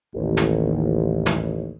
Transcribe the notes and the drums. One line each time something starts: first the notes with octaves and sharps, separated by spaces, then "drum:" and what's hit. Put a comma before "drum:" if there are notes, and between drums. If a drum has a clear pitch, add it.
A1 D#2
drum: snare
drum: snare